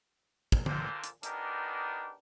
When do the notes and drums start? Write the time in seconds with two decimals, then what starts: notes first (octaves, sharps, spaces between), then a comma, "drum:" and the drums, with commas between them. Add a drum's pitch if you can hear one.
0.52 drum: kick
0.66 A#2 D3 C5, drum: tom D3
1.04 drum: hi-hat
1.23 B3 D4 D#4 G4 G#4 A#4, drum: hi-hat